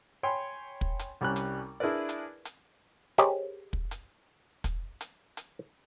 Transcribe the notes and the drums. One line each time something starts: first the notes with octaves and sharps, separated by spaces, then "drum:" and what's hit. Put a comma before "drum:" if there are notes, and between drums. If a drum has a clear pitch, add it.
C#5 G5 G#5 B5 C6
drum: kick
drum: hi-hat
C2 G3 C#4 F#6
drum: hi-hat
D4 E4 G#4 A#4 B4 D5
drum: hi-hat
drum: hi-hat
G4 G#4 A#4 C5 C#5 D#5, drum: hi-hat
drum: kick
drum: hi-hat
drum: kick, hi-hat
drum: hi-hat
drum: hi-hat